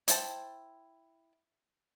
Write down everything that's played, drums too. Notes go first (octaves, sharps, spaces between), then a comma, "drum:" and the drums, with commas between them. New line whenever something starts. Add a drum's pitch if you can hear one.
E4 C5 G5 A5, drum: hi-hat